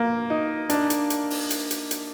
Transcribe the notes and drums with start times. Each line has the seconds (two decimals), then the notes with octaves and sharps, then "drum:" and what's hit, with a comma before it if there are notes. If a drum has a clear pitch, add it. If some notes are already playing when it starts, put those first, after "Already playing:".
Already playing: A#3
0.30 D#4
0.70 D4, drum: hi-hat
0.90 drum: hi-hat
1.10 drum: hi-hat
1.30 drum: open hi-hat
1.50 drum: hi-hat
1.71 drum: hi-hat
1.91 drum: hi-hat